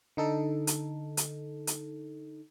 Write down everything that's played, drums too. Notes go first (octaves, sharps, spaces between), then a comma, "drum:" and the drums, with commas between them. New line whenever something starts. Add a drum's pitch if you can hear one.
D3 D#4 A4
drum: hi-hat
drum: hi-hat
drum: hi-hat